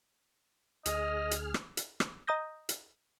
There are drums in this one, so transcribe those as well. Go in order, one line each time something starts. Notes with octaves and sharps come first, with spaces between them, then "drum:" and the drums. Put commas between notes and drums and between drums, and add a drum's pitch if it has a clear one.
D2 G#4 D#5 F6, drum: hi-hat
drum: hi-hat
drum: rim click
drum: hi-hat
drum: rim click
D#5 A#5 D#6 G6 A#6
drum: hi-hat